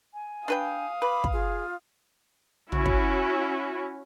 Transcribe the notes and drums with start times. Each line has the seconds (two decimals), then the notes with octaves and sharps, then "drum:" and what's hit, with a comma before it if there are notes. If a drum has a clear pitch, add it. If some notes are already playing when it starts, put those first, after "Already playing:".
0.14 G#5
0.48 D4 B4 F5 G5 D#6
1.02 B4 B5 D6
1.24 drum: kick
1.33 F4 G#4
2.72 C#4 E4 F#4, drum: tom
2.86 drum: kick